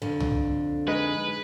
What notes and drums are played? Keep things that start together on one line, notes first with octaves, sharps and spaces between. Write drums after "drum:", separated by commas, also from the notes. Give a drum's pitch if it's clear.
F2 D3
drum: tom
G#3 D#4 B4